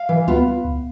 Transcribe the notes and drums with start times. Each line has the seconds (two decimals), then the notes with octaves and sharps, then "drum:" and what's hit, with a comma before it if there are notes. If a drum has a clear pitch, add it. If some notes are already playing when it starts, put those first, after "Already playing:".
Already playing: F5
0.09 E3
0.28 B3 F4, drum: kick C#2
0.64 drum: kick C#2